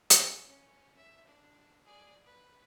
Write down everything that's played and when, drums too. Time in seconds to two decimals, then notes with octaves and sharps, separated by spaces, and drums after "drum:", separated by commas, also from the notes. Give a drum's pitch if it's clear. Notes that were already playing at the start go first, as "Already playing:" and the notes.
0.10 C#4, drum: hi-hat
0.47 C#4
0.97 E5
1.27 D4
1.85 G#4 D5
2.26 B4